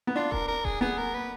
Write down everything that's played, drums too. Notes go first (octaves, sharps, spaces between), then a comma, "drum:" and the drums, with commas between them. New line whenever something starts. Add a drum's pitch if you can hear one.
B3
D4 F4
A#4, drum: kick D#1
A#4
G#4, drum: kick D#1
B3 G#4
A#4
B4